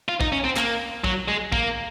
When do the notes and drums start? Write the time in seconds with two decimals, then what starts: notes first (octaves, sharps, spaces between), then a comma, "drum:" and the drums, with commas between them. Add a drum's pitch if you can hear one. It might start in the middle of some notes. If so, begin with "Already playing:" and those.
0.09 F4
0.21 D#4, drum: kick
0.32 C#4
0.44 C4
0.57 A#3, drum: clap
1.04 F#3, drum: kick
1.28 G#3
1.52 A#3, drum: kick